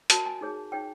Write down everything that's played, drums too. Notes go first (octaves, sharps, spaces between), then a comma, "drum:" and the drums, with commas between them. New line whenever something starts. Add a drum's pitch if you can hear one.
F#4 A#4 C#5 A5, drum: hi-hat
G#5
D#4 G#4 C#5
D#4 G#4 C#5 G5